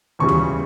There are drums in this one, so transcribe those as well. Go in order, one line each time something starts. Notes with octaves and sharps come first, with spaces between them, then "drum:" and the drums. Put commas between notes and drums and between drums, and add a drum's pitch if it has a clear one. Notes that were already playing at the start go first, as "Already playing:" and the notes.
E2 C#3 E3 G3 C#6
drum: tom D2